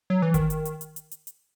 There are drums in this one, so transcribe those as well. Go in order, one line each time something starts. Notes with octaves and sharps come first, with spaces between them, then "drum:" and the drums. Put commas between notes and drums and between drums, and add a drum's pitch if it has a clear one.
F#3
E3
D#3, drum: kick G#1, hi-hat
drum: hi-hat
drum: hi-hat
drum: hi-hat
drum: hi-hat
drum: hi-hat
drum: hi-hat